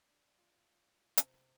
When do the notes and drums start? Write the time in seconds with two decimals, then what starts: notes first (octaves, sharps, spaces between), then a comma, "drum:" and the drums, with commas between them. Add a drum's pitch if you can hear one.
0.08 D4
0.38 F4
1.17 C3, drum: hi-hat